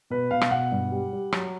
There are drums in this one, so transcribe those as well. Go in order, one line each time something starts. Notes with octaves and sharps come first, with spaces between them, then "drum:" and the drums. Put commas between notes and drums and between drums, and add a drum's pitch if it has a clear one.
B2 B4
B2 F5
drum: rim click
B2 F#5
G2
G3
G3
F#3, drum: rim click